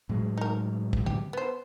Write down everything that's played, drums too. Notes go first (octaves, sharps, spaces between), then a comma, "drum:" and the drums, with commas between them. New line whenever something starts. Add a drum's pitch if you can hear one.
A2 F#3 G#3
D#4 A#4
drum: kick
G4, drum: tom
B3 C5